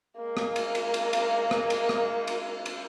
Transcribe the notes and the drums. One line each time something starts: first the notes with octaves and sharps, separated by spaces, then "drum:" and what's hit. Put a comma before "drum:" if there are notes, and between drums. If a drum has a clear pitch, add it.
G#3 A#3
drum: rim click
drum: cymbal
drum: cymbal
drum: cymbal
drum: cymbal
drum: rim click
drum: cymbal
drum: rim click
drum: cymbal
drum: cymbal